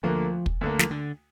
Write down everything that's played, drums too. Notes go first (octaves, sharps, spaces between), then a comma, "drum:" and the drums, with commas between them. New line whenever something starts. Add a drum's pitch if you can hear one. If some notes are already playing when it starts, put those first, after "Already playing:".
D2 D3 F3 A#3
drum: kick
D2 D3 A#3
F3, drum: snare
D3